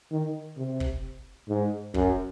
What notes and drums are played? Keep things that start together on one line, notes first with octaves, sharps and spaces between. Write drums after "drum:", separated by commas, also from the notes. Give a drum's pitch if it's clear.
D#3
C3
drum: kick
G#2
F#2, drum: kick